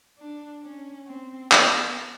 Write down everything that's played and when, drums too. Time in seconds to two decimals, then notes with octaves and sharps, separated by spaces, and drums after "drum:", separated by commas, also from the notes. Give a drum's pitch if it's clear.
0.18 D4
0.63 C#4
1.07 C4
1.52 B3, drum: clap